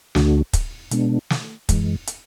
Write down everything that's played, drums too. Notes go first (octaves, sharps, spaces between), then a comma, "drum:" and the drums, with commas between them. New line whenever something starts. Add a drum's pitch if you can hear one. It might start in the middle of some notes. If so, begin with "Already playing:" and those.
D2 D3 A3 D4 F#4, drum: snare
drum: kick, hi-hat
B2 G#3 B3 D4, drum: hi-hat
drum: snare
F#2 E3 G#3, drum: kick, hi-hat
drum: hi-hat